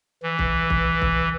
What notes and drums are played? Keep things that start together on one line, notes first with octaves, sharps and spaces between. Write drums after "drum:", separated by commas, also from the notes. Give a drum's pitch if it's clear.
E3
drum: kick
drum: kick
drum: kick